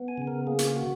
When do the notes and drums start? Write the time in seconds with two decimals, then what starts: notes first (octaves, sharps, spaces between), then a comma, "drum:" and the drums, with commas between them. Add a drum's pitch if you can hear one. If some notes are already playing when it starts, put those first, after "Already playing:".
Already playing: B3
0.08 G#5
0.18 C#3
0.27 A#4
0.47 A#3 G#4
0.59 drum: hi-hat
0.76 F#4